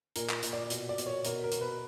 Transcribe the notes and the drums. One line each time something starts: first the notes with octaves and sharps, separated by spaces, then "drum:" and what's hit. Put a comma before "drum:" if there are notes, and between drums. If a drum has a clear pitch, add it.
A#2 A#4, drum: hi-hat
drum: clap
A#2, drum: hi-hat
D5
B2, drum: hi-hat
D5
B2, drum: hi-hat
C#5
B2 A#4, drum: hi-hat
A#4
B2, drum: hi-hat
B4